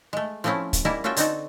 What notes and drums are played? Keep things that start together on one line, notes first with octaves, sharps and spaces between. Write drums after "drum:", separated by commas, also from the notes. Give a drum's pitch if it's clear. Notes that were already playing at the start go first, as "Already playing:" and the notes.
G#3 A3
F3 A3 C4 C#4 E4 F4
drum: kick, hi-hat
G3 G#3 A#3 E4 A#4 A5
C#4 F4 F#4 A4 E5 G5
D3 C4 D#4 F#4 A4, drum: hi-hat